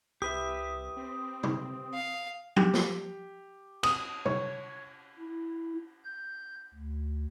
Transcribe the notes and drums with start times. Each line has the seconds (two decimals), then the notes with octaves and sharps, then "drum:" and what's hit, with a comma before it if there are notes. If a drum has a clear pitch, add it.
0.22 C2 G4 B4 E5 D#6
0.97 C4
1.43 drum: tom C3
1.94 F5
2.56 G4, drum: tom F3
2.74 drum: snare
3.83 D#6, drum: cymbal
4.25 C#5, drum: tom C3
5.19 E4
6.05 G6
6.74 D2